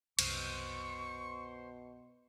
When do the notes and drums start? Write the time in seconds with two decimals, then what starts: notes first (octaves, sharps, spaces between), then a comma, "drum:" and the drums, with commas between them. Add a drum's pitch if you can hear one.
0.19 C2 F#2 B2 C5 C#6, drum: cymbal